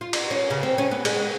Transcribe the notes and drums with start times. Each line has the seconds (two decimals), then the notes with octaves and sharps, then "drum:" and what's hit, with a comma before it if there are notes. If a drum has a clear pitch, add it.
0.01 F4
0.13 drum: cymbal
0.31 C#4
0.50 C#3
0.63 C4
0.78 C#4
0.91 B3
1.05 G#3, drum: cymbal